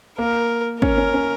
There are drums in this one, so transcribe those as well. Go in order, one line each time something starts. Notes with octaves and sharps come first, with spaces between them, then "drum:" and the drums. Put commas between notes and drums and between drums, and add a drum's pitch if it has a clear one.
A#3 A#4
C#4 A#4, drum: kick
C#4
C#4